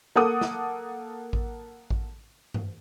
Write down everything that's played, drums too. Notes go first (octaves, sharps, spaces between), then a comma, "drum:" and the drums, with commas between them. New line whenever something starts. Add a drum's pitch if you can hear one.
A#3 A4 F#5 D6 D#6
drum: snare
drum: kick A1
drum: kick A1
drum: tom G2